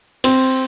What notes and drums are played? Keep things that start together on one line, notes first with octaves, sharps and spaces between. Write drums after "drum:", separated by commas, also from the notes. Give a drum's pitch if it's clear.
C4, drum: cymbal